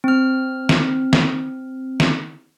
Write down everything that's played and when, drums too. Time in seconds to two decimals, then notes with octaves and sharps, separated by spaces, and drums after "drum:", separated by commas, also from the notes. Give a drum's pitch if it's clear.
0.04 C4 F6
0.69 drum: snare
1.13 drum: snare
2.00 drum: snare